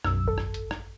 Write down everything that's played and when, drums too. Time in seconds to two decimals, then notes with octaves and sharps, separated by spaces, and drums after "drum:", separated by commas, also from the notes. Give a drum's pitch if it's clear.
0.04 B1 F#2 E6, drum: rim click
0.25 G#1 A4
0.38 drum: rim click
0.54 drum: hi-hat
0.71 drum: rim click